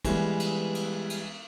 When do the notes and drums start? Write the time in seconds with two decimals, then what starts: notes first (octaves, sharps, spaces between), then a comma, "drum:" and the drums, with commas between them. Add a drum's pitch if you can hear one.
0.05 E3 G3 G#3 B3, drum: kick, cymbal
0.40 drum: cymbal
0.75 drum: cymbal
1.10 drum: cymbal